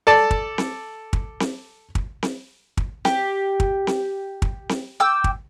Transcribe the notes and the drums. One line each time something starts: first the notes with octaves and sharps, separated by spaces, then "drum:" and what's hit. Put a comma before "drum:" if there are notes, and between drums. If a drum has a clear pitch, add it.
A4 D5 A5
drum: kick
drum: snare C4
drum: kick
drum: snare C4
drum: kick
drum: snare C4
drum: kick
G4, drum: snare C4
drum: kick
drum: snare C4
drum: kick
drum: snare C4
G5 D6 E6 G6
drum: kick